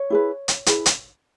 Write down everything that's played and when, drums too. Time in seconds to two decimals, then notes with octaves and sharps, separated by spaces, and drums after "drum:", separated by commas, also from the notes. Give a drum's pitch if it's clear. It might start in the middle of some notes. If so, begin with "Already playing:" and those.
Already playing: C#5
0.10 E4 G#4 B4
0.48 drum: hi-hat
0.66 E4 G#4 B4, drum: hi-hat
0.86 drum: hi-hat